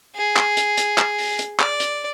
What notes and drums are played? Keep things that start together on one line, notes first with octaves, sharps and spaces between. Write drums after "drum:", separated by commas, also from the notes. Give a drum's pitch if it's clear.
G#4
drum: clap
drum: hi-hat
drum: hi-hat
drum: clap
drum: open hi-hat
drum: hi-hat
D5, drum: clap
drum: hi-hat